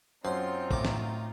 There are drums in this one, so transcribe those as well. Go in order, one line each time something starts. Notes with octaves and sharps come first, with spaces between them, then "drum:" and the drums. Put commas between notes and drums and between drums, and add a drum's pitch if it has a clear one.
F#2 C4 D#4 F4 C5 C#5 C6
A2 D6, drum: kick
drum: snare